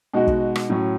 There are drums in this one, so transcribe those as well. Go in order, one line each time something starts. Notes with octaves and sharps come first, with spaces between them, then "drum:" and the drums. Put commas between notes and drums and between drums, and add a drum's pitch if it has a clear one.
B2 G#3 D#4 F#4
drum: kick
drum: rim click
A2 F#3 C#4